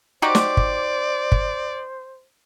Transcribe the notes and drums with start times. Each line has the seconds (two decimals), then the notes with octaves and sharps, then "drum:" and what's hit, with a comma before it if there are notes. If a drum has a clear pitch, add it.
0.22 D#4 F#4 G4 C5 D5
0.35 drum: snare
0.57 drum: kick
1.32 drum: kick